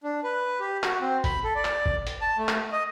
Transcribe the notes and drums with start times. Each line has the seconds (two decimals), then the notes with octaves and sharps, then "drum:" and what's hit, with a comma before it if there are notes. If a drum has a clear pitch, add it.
0.03 D4
0.23 B4
0.59 G4
0.83 F#4, drum: clap
1.00 C4
1.24 B5, drum: kick G#1, hi-hat
1.44 A4
1.55 D5
1.65 drum: clap
1.86 drum: kick G#1
2.07 drum: hi-hat
2.21 A5
2.38 A3
2.48 drum: clap
2.72 D#5